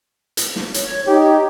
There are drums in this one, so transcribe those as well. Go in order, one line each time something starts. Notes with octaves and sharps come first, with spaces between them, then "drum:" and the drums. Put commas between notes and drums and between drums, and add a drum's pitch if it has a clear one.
drum: hi-hat
drum: snare
C#5, drum: hi-hat
D#4 G4